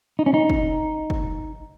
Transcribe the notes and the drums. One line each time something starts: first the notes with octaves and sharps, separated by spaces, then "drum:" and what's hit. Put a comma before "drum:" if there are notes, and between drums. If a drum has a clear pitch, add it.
D#4
C#4
D#4
drum: kick
drum: kick